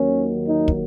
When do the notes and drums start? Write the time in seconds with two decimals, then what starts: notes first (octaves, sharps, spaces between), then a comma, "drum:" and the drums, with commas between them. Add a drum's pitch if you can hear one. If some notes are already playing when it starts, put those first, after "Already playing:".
Already playing: D#2 D#3 F#3 A#3 C#4
0.48 D#4
0.68 drum: kick